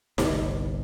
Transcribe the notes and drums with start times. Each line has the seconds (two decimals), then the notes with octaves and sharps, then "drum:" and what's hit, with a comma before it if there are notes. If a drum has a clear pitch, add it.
0.18 G1 C2, drum: snare D#4